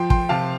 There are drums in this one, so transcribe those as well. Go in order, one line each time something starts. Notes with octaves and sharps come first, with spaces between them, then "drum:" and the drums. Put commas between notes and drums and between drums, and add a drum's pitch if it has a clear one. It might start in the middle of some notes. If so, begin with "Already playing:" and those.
Already playing: F3 G5 C6
G5 C6, drum: kick
C3 F5 A5